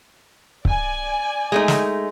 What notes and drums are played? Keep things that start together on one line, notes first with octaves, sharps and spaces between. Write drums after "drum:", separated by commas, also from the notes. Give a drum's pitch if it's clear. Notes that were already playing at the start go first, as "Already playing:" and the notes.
D5 G#5, drum: kick C#1
G#3 A3 D#4
drum: snare